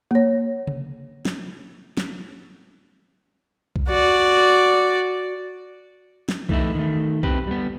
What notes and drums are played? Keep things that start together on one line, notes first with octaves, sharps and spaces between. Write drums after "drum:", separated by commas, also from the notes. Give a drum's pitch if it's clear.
A#3 C#5
drum: tom C3
drum: snare
drum: snare
drum: kick
F#4 D5
drum: snare
E3 A3 D#4 E4, drum: kick
D#3 A3
C4 G4 B4, drum: kick
G3 B3